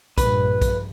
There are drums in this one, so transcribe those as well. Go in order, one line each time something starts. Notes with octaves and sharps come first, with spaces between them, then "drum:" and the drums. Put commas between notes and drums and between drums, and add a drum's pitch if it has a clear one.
A#1 G2 B4, drum: kick B1, hi-hat
drum: kick B1, hi-hat